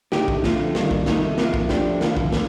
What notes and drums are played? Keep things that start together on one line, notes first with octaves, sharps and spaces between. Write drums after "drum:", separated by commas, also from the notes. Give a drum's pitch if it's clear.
D2 D3 A3 D#4 G4, drum: snare
drum: kick
F2 D3 A3 C4 F4, drum: snare
G2 D#3 G3 A#3, drum: snare
drum: kick
C3 D#3 A3 D#4, drum: snare
C3 F3 A#3 F4, drum: snare
drum: kick
F3 A3 D4 G4 C5, drum: snare
D#2 D3 F3, drum: snare
drum: kick
D3, drum: snare